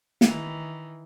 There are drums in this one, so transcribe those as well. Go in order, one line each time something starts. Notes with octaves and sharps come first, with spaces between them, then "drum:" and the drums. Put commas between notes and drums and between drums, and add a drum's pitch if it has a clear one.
D#3 E3, drum: snare